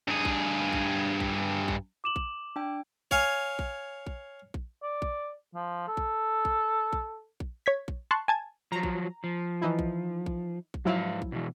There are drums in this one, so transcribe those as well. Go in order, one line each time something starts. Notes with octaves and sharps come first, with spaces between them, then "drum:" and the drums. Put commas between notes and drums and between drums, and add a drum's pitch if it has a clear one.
G2 G#4
drum: kick A#1
drum: kick A#1
drum: kick A#1
drum: kick A#1
D6 E7 F#7
drum: kick A#1
D4 G5
C#5 F5 G#5, drum: kick A#1
drum: kick A#1
drum: kick A#1
drum: kick A#1
D5
drum: kick A#1
F3
A4
drum: kick A#1
drum: kick A#1
drum: kick A#1
drum: kick A#1
C#5 G#6 B6
drum: kick A#1
A5 C6 C#6 F#6
G#5 A5 G#6
F3 F#3 A#5
drum: kick A#1
F3
E3 D#4 E4
drum: kick A#1
drum: kick A#1
drum: kick A#1
G#2 F3 F#3 E4 F5
drum: kick A#1
B2 E3